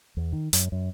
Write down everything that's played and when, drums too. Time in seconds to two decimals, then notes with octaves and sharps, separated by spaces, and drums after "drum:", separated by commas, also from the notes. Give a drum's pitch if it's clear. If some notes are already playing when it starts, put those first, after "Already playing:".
0.17 E2
0.33 D#3
0.53 F#2, drum: hi-hat
0.72 F#2